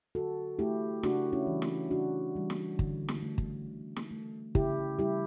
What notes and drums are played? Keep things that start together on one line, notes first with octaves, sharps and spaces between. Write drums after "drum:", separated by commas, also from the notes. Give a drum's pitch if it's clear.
D3 F#4 A4
A3 E4 G4
C#3 D4 F#4, drum: snare
C#4 E4
E3 G3
drum: snare
C#3 D4 F#4
E3 G3
drum: snare
D3, drum: kick
drum: snare
A3
drum: kick
D3
drum: snare
A3
C#3 E4 G4, drum: kick
G3 E4 G4